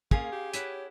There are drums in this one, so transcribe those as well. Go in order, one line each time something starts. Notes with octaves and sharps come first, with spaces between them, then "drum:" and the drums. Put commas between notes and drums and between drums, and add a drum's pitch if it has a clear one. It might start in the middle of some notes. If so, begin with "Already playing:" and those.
A#3 C#4 F4 G#4 F5, drum: kick
G4
E4 B4 C#5 F#5, drum: hi-hat